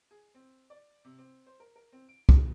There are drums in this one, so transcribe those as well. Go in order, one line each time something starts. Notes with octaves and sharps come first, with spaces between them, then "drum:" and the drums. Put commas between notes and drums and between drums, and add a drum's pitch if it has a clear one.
G#4
C4
D5
C3
C4
C5
A#4
A#4
C4
D7
E2, drum: kick C2